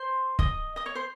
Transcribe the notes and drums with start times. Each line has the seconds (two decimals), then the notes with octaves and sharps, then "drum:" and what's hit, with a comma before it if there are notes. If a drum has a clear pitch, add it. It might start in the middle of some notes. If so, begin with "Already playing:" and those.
Already playing: C5 C6
0.39 D#5 D#6, drum: kick C#1
0.76 D#5 D#6
0.86 C#5 C#6
0.95 C5 C6